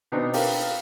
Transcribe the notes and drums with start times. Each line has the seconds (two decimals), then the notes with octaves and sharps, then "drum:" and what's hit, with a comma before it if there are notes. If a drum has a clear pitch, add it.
0.12 B2 B3 C4 D4 D#4
0.33 F4 G4 A#4 B4, drum: open hi-hat